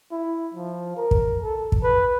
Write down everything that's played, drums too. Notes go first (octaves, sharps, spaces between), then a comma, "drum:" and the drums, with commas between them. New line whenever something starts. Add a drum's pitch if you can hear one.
E4
F3
A#4
drum: kick
A4
drum: kick
B4